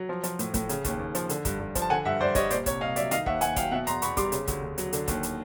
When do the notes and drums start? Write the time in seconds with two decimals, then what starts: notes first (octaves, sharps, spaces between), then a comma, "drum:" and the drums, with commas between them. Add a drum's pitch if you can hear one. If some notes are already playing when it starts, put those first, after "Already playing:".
Already playing: F#3
0.09 F3
0.23 F3, drum: hi-hat
0.39 A2, drum: hi-hat
0.54 A2, drum: kick, hi-hat
0.69 C#3, drum: hi-hat
0.84 D#2, drum: kick, hi-hat
0.99 D#2
1.15 F3, drum: hi-hat
1.29 D3, drum: hi-hat
1.45 G2, drum: kick, hi-hat
1.59 G2
1.75 F3, drum: kick, hi-hat
1.82 A5
1.90 D3 F#5 G#5
2.05 G2 E5 F#5
2.20 G2 C5 D5
2.35 G3 C#5 D#5, drum: kick, hi-hat
2.50 A#2 C5 D5, drum: hi-hat
2.66 C2 C#5, drum: kick, hi-hat
2.81 C2 D#5 F5
2.96 F#3 D5 E5, drum: hi-hat
3.11 D#3 D#5 F5, drum: hi-hat
3.26 D#2 E5 F#5, drum: kick
3.41 D#2 F#5 G#5, drum: hi-hat
3.56 F#3 F5 G5, drum: kick, hi-hat
3.71 B2 E5 F#5
3.87 E2 A#5 C6, drum: hi-hat
4.02 E2 B5 C#6, drum: hi-hat
4.17 G3 C6 D6, drum: kick, hi-hat
4.32 C#3, drum: hi-hat
4.47 D2, drum: kick, hi-hat
4.63 D2
4.78 F#3, drum: hi-hat
4.93 D3, drum: hi-hat
5.08 D#2, drum: kick, hi-hat
5.23 drum: hi-hat